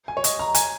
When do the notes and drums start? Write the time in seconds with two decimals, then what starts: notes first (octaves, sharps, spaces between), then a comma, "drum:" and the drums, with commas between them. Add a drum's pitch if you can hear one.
0.08 G#5
0.17 C#5
0.24 D#5, drum: hi-hat
0.39 A#5
0.55 G#5, drum: hi-hat